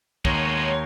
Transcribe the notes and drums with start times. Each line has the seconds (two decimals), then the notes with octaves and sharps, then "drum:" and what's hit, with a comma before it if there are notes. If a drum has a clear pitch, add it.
0.25 D#2 G#3 B3 C#5 A#5 C6 A#6, drum: kick